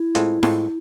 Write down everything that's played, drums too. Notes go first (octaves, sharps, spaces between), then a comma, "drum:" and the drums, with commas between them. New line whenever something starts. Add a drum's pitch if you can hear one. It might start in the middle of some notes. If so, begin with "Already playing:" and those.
Already playing: E4
A2 G#3 C4 F4 A4, drum: hi-hat
A2 G#3 C4 F4 A4, drum: snare E4